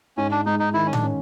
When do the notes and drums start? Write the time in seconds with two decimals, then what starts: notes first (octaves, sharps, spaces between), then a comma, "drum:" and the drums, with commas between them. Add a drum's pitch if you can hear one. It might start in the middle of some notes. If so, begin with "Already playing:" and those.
0.17 G#2 C#4
0.31 D4
0.46 G#3 D#4
0.60 D#4
0.74 D#3 E4
0.86 C#4
0.93 D4, drum: tom A2
1.03 C#4